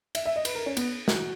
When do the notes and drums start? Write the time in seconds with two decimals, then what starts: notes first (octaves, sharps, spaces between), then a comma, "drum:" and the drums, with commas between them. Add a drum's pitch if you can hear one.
0.15 E5, drum: cymbal
0.26 E5
0.36 D#5
0.45 B4, drum: cymbal
0.55 A#4
0.66 C#4
0.77 B3, drum: cymbal
1.08 F#4, drum: snare